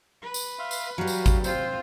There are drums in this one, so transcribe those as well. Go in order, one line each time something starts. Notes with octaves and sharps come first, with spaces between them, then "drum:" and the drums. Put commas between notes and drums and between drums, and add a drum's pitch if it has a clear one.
B4
drum: tambourine
E5 F5 C6
drum: tambourine
F#3 G3 F#4 F5
drum: tambourine
drum: kick G#1, tambourine
C4 F4 C5, drum: tambourine